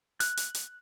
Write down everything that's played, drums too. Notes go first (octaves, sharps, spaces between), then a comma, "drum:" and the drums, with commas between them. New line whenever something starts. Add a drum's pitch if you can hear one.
F#6, drum: hi-hat
drum: hi-hat
drum: hi-hat